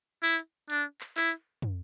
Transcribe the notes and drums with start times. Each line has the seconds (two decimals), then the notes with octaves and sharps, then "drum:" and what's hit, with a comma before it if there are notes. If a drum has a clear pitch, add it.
0.23 E4
0.39 drum: hi-hat
0.70 D4, drum: hi-hat
1.01 drum: clap
1.17 E4, drum: clap
1.32 drum: hi-hat
1.62 drum: tom